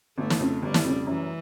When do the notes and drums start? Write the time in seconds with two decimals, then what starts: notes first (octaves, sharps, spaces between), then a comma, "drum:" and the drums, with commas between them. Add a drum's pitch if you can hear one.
0.18 G1 A3
0.30 drum: snare
0.40 F2 C#3
0.62 G1 G3
0.74 drum: snare
0.84 F2 C#3
1.07 F#2 E3